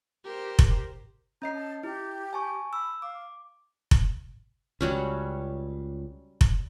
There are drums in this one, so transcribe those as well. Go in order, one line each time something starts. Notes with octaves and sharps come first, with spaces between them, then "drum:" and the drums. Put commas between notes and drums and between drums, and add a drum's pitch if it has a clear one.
G4 A#4 C5
drum: kick F1
C#4 D#5 A#5 C7
A5
E4 G4
G#5 A5 C#6
B5 E6
F5 D6
drum: kick F1
C#2 F#3 G3 C#4
drum: kick F1